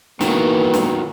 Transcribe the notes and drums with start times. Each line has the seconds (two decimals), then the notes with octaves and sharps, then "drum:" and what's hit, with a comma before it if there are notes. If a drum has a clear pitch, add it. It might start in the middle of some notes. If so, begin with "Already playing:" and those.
0.21 D#3 E3 F#3 A#3 B3, drum: snare
0.74 drum: snare